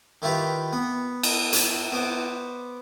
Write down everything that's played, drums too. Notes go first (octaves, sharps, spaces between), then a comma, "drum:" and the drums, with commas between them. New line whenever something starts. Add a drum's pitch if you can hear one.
D#3 E4 F4 G4 B4
B3
drum: cymbal
drum: hi-hat
B3 C5 D6